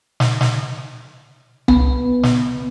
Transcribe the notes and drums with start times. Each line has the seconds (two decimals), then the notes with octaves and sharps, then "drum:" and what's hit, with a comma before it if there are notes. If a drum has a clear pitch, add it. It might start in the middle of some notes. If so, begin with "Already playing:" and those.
0.20 drum: snare
0.41 drum: snare
1.68 B3, drum: tom C2
2.23 drum: snare